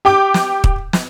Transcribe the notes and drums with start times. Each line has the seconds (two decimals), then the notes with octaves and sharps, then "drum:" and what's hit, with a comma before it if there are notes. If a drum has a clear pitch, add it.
0.05 G4 G5 D6
0.34 drum: snare
0.64 drum: kick
0.93 drum: snare